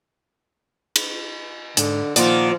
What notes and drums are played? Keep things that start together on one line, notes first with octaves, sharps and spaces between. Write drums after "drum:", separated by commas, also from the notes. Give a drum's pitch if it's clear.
drum: cymbal
G#2 D3, drum: hi-hat
A#2 D#3 F3 D#4 F4 D5 F#5, drum: hi-hat